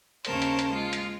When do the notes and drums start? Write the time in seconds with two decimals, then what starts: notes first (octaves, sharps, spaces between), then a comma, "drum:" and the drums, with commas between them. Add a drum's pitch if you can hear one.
0.25 D#2 C#3 C#4 A#4 C5 A5, drum: hi-hat
0.42 drum: hi-hat
0.59 drum: hi-hat
0.72 G#3 F4
0.93 drum: hi-hat